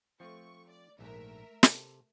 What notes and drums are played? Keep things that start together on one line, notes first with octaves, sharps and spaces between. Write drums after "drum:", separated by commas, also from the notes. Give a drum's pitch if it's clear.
F3 A3 C4 F4 C#6
D5
A#1 G#2 A3 A#4 E5
C3 A4, drum: snare